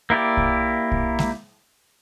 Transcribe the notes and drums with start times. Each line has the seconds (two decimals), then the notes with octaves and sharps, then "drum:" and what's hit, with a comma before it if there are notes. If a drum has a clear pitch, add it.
0.10 A#3 E4 G4 D5
0.37 drum: kick
0.92 drum: kick
1.19 drum: snare G#3